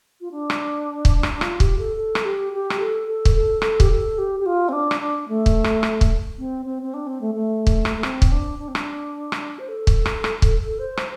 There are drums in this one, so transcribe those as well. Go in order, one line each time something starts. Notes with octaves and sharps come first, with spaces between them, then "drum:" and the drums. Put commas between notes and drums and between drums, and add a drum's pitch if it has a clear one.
F4
D4
drum: rim click
drum: kick
drum: rim click
D4
F4, drum: rim click
G4, drum: kick
A4
A4
drum: rim click
G4
G4
drum: rim click
A4
A4
drum: kick
A4
A4, drum: rim click
G4, drum: kick
A4
G4
G4
F4
C4
D4
drum: rim click
D4
A3
drum: kick
drum: rim click
drum: rim click
drum: kick
C4
C4
C4
D4
C4
A3
A3
drum: kick
drum: rim click
A3
C4, drum: rim click
drum: kick
D4
D4
C4
D4, drum: rim click
drum: rim click
C5
A4
drum: kick
drum: rim click
drum: rim click
drum: kick
C5
drum: rim click